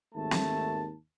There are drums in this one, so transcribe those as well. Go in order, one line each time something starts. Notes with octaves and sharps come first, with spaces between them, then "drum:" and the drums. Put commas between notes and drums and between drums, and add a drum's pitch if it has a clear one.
G#1 D#2 A3 A5
drum: snare